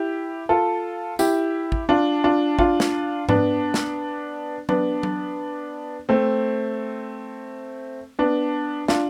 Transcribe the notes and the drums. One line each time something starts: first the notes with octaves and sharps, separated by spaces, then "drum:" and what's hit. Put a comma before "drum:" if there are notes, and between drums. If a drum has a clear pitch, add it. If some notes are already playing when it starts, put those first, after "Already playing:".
Already playing: E4 G4
F4 A4
E4 G4, drum: tambourine
drum: kick
D4 F4
D4 F4
D4 F4, drum: kick
drum: snare
B3 D4, drum: tom G#2
drum: snare
B3 D4, drum: tom F#3
drum: tom F#3
A3 C4
B3 D4
D4 F4, drum: snare